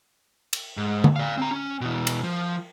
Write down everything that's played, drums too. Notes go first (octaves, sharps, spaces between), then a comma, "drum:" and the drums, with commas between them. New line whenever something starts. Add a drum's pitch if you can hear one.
drum: cymbal
G#2
drum: tom D3
D5 F5
C4 A#5
C#4
B2 E3
drum: cymbal
F3